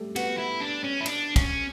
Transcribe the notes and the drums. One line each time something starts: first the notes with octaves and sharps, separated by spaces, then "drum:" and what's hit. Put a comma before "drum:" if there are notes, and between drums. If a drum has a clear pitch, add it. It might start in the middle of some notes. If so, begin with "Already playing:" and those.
Already playing: G3 A3 G4 A4
B3 F#4 B4, drum: cymbal
E4
D4
C#4
E4
D4, drum: cymbal
C#4, drum: kick, cymbal